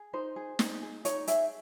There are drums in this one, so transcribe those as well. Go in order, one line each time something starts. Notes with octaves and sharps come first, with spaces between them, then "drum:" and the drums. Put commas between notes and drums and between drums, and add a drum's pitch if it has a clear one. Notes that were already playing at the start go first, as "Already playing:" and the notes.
Already playing: G#4
D#4 C5
G#4
D#4, drum: snare
G#4
D#4 C#5, drum: hi-hat
G#4 E5, drum: hi-hat